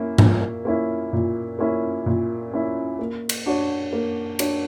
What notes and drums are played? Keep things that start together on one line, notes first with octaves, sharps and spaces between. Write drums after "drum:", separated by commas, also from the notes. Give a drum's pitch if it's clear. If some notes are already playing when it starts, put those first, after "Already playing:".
Already playing: A#3 C#4 E4
A#2, drum: tom G#2
A#3 C#4 E4
A#2
A#3 C#4 E4
A#2
A#3 C#4 E4
A#3
drum: cymbal
D4 F#4 C#5
A#3
D4 F#4 C#5, drum: cymbal